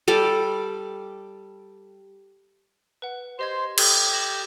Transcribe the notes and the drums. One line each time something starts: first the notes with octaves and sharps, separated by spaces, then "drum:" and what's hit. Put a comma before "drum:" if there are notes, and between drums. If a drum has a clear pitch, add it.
G3 A4 D5
B4 F#5
G4 C5 D#5 C6 G#6
G4 A4, drum: cymbal
A#6 E7 F#7